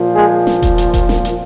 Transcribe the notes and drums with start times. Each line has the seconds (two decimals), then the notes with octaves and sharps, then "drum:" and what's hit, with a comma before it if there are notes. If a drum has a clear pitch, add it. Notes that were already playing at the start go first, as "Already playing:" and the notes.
Already playing: A#2 F3
0.16 G#3 G#4
0.47 drum: snare
0.62 drum: kick E1, hi-hat
0.78 drum: hi-hat
0.94 drum: kick E1, hi-hat
1.09 drum: snare
1.25 drum: hi-hat